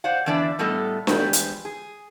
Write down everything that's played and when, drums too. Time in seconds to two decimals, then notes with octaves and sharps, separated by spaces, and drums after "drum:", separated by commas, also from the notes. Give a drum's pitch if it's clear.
0.04 C5 D5 F5 F#5
0.26 E2 E3 D4 D5 E5
0.59 A2 G3 A3 B3 A4 D#5
1.07 E2 F3 G#3 G4 B4, drum: snare D4
1.33 drum: hi-hat
1.65 G#4